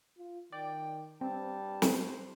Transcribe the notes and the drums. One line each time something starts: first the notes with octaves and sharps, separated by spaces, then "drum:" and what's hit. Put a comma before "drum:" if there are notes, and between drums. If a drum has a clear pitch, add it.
F4
D#3 D5 G5
G2 G3 C4 A5
C5, drum: snare